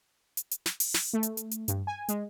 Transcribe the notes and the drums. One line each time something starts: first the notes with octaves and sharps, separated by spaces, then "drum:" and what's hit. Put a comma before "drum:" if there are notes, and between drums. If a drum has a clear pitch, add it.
drum: hi-hat
drum: hi-hat
drum: snare
drum: open hi-hat
drum: snare
A3
drum: hi-hat
drum: hi-hat
drum: hi-hat
G2, drum: hi-hat
G#5
G#3, drum: hi-hat